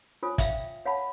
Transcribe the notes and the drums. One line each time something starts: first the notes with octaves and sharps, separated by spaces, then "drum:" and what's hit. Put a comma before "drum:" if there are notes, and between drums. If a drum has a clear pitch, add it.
F4 C5 C#5 G#5 D#6
E5 F5 G5, drum: kick, hi-hat
C#5 F5 F#5 A5 B5